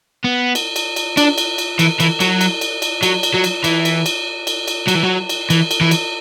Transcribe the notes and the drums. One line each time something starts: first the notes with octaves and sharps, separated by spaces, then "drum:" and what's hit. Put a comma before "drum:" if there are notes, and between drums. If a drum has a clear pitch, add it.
B3
drum: cymbal
drum: cymbal
drum: cymbal
D4, drum: cymbal
drum: cymbal
drum: cymbal
E3, drum: cymbal
E3, drum: cymbal
F#3, drum: cymbal
drum: cymbal
drum: cymbal
drum: cymbal
F#3, drum: cymbal
drum: cymbal
F#3
drum: cymbal
E3, drum: cymbal
drum: cymbal
drum: cymbal
drum: cymbal
drum: cymbal
F#3, drum: cymbal
E3
F#3
drum: cymbal
E3, drum: cymbal
drum: cymbal
E3
drum: cymbal